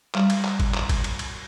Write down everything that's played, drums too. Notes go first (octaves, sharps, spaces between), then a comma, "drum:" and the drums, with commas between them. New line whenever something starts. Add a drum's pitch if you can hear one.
G3, drum: clap
drum: cymbal
drum: clap
drum: kick, cymbal
drum: clap
drum: kick, cymbal
drum: cymbal
drum: cymbal